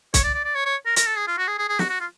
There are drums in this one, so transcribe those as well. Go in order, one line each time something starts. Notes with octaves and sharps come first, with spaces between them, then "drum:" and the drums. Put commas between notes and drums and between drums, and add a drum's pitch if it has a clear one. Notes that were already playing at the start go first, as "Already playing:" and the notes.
C#5, drum: kick C2, hi-hat
D5
D5
D5
C#5
C#5
A#4
A#4, drum: hi-hat
A4
G#4
F4
F#4
G#4
G#4
G#4
F#4, drum: snare
F#4
F4